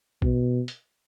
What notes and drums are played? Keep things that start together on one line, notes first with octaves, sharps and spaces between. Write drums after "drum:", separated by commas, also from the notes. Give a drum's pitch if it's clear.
B2, drum: kick A#1
drum: hi-hat